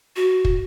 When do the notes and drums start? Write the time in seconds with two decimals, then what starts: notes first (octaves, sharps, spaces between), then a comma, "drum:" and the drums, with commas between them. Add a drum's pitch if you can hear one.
0.16 F#4
0.45 drum: kick